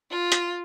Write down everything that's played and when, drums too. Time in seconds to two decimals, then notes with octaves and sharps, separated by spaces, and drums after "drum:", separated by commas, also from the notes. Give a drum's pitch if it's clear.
0.11 F4
0.32 drum: hi-hat